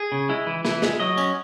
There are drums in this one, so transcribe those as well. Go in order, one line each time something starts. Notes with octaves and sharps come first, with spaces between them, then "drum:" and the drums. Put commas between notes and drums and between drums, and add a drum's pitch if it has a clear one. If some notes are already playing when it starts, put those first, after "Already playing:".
Already playing: G#4
C#3
G#3 E4
E3
E3 E4, drum: snare
G#3, drum: snare
F#3 D#5
C#4, drum: tambourine